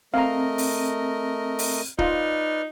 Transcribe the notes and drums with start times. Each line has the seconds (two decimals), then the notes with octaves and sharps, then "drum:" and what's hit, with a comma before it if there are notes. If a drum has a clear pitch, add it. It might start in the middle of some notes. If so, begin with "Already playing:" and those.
0.14 A3 C4 A#4 D#5 F5 A#5
0.58 drum: open hi-hat
1.59 drum: open hi-hat
1.99 D#4 F4 B4 D5 F6, drum: kick